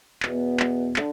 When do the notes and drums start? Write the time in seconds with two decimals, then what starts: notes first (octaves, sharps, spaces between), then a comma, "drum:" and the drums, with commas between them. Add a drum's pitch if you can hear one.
0.23 E2 B2 B3, drum: clap
0.60 drum: clap
0.96 D3 D4, drum: clap